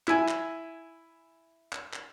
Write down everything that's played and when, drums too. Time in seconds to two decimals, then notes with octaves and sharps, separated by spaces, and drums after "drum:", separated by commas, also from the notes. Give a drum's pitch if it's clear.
0.08 E4 G#5, drum: clap
0.28 drum: clap
1.73 drum: clap
1.93 drum: clap